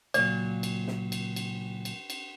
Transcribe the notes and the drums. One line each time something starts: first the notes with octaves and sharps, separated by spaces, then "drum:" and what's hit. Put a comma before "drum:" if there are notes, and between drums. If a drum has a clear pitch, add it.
C#2 A#2 F#3 D5, drum: cymbal
drum: cymbal
drum: snare
drum: cymbal
drum: cymbal
drum: cymbal
drum: cymbal